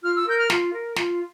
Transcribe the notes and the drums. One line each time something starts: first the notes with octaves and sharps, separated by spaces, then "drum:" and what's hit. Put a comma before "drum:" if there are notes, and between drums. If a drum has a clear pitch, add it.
F4 F6
E6
A#4 G6
F6
F4, drum: snare
A#4
F4, drum: snare